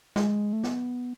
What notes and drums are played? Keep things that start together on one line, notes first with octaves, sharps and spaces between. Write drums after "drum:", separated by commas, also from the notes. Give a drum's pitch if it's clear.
G#3, drum: snare
A3
B3, drum: snare